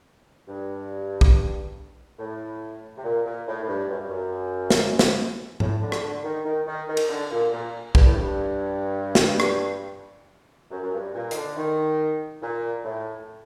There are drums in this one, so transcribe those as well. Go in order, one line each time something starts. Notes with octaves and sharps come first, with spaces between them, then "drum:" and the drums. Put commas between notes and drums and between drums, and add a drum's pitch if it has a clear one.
G2
drum: kick A#1
A2
C3
A#2
A#2
A2
A2
G2
F#2
G2
F#2
drum: snare
drum: snare
A2, drum: tom G#2
D3
drum: rim click
D3
D#3
D#3
D#3
D#3
drum: cymbal
D3
A#2
A#2
G2, drum: kick A#1
A2
G2
drum: snare
drum: rim click
F#2
F#2
G2
A#2
D#3, drum: hi-hat
D3
D#3
A#2
A2